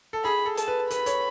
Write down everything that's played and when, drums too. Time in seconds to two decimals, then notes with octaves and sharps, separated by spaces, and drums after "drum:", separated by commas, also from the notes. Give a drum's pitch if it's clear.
0.13 A4
0.24 G#4 B5
0.46 A4
0.57 A5, drum: hi-hat
0.68 B4
0.91 B4 B5, drum: hi-hat
1.06 C#5, drum: hi-hat